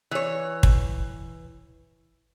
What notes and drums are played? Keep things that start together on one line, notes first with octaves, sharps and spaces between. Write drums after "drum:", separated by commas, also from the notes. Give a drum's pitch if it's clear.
E3 C#5
drum: kick